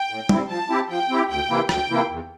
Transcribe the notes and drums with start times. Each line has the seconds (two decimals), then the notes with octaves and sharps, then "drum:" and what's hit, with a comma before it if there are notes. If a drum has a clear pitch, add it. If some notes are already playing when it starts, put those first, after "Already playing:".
Already playing: G5
0.10 A2
0.29 G3 C4 E4, drum: tom
0.49 F3 A5
0.70 C4 E4 G4
0.89 F3 G5
1.09 C4 E4 G4
1.30 D2 G5
1.49 C3 E3 A#3 E4
1.69 D2 G5, drum: rim click
1.90 C3 E3 A#3 E4
2.10 E2